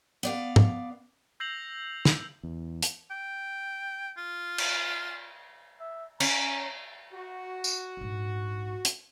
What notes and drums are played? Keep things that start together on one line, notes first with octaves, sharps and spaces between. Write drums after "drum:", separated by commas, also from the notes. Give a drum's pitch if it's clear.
B3 D5 F5
drum: tom
E6 G6 A#6 C7 F7 F#7
drum: snare
E2
drum: hi-hat
G5
F4
drum: cymbal
E5
C#4 A#5, drum: cymbal
F#4
drum: tambourine
A#1 G#2
drum: hi-hat